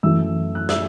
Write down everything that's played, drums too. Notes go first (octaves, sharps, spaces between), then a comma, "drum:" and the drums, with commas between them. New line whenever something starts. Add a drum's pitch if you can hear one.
F#2 E3 A3 E5 E6
F#6
E5 E6, drum: snare